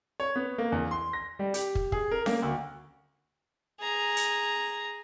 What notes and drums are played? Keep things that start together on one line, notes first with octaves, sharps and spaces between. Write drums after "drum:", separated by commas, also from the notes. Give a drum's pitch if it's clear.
C#5
B3
A#3
E2
C6
A#6
G3
G4, drum: hi-hat
drum: kick
G#4, drum: kick
A#4
A#3, drum: snare C#4
D2
G#4 A#5
drum: hi-hat